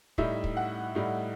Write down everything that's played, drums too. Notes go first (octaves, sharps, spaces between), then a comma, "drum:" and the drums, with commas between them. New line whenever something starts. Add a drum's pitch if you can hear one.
A2 G3 D#4 E5, drum: kick
drum: kick
F#5
A2 G3 D#4